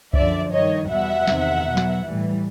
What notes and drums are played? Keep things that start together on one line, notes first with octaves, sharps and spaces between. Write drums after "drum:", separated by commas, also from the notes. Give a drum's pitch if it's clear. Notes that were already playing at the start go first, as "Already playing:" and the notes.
F#2 D3 F3 D5 E5, drum: kick C2
G2 D#3 G3 C#5 D#5
E2 B2 G3 E5 F#5
E2 C3 D#3, drum: snare
B2 F#3
drum: snare
A2 E3 G3